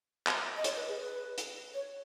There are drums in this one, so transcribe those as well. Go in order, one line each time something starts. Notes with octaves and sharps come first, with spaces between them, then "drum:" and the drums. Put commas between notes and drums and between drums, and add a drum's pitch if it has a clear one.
drum: clap
D#5
C#5, drum: hi-hat
B4
G#4
B4
drum: hi-hat
C#5